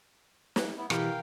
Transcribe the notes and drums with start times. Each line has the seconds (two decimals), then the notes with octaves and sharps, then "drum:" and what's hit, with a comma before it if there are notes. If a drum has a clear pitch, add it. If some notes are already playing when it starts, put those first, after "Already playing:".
0.56 drum: snare
0.78 B3 E4
0.90 B2 E3 G4 A#4 F5 G5, drum: rim click